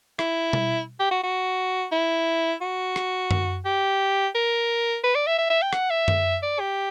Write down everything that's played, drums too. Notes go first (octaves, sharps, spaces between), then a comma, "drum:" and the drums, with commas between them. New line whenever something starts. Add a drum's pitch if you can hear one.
E4, drum: rim click
drum: tom B2
G4
F#4
F#4
E4
F#4
drum: rim click
drum: tom F#2
G4
A#4
B4
D5
E5
E5
E5
G5
F#5, drum: rim click
E5
drum: tom F#2
D5
G4